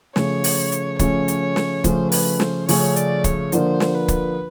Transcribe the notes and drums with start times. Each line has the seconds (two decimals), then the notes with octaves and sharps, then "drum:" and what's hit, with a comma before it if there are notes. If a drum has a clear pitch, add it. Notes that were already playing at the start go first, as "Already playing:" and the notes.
0.16 C#3 F3 A3 C#4 C#5, drum: snare
0.44 drum: open hi-hat
0.72 drum: hi-hat
0.99 C#3 F3 A3 C#4 C#5, drum: kick, hi-hat
1.28 drum: hi-hat
1.56 drum: snare
1.84 C#3 F3 A3 C#4 C5, drum: kick, hi-hat
2.12 B4, drum: open hi-hat
2.40 C5, drum: snare
2.69 C#3 F3 A3 C#4 C#5, drum: open hi-hat
2.96 D5, drum: hi-hat
3.24 C#5, drum: kick, hi-hat
3.52 D3 F3 A#3 D4 F4 C5, drum: hi-hat
3.80 drum: snare
3.95 B4
4.08 drum: kick, hi-hat